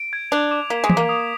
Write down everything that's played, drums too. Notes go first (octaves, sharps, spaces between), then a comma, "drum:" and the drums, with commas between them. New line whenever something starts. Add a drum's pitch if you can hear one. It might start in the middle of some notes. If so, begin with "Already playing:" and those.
Already playing: D7
G#6
D4 F7
D6
A#3 B6
G#3
B6, drum: tom E3
A#3
D#6